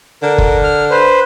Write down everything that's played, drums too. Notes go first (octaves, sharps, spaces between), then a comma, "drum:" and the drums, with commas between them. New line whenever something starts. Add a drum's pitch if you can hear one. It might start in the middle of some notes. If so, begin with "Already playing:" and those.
D3 A#4
drum: kick
F6
B4 C5